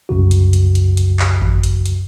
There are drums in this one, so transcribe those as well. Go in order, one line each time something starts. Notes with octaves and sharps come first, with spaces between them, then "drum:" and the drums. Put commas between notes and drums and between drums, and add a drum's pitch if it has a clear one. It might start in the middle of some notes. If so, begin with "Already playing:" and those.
C2 F#2 C#3 F#4
drum: hi-hat
drum: hi-hat
drum: hi-hat
drum: hi-hat
drum: clap
drum: kick G#1
drum: hi-hat
drum: hi-hat